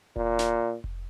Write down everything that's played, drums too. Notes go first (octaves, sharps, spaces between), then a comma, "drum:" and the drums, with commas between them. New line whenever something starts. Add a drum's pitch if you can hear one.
A#2, drum: kick F1
drum: snare
drum: kick F1